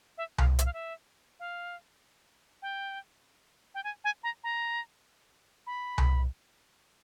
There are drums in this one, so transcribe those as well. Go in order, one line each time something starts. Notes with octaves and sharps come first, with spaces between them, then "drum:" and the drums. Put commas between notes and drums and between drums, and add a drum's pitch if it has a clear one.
E5
F5, drum: tom C2
E5, drum: hi-hat
F5
E5
F5
G5
G5
G#5
G#5
A#5
A#5
B5
drum: tom C2